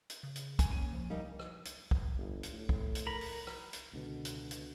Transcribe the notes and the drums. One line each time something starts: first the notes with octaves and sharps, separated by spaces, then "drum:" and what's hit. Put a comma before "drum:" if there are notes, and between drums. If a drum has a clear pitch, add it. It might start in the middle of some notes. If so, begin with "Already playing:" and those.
drum: hi-hat
C#3
drum: hi-hat
G#5, drum: kick, hi-hat
A#2 C#4 D#7
F3
G3 A#3 D#4
drum: rim click
drum: hi-hat
drum: kick
G1
drum: hi-hat
A2
drum: kick
drum: hi-hat
A#4 B5
drum: open hi-hat
drum: rim click
drum: hi-hat
C#2 B2 D3
drum: hi-hat
drum: hi-hat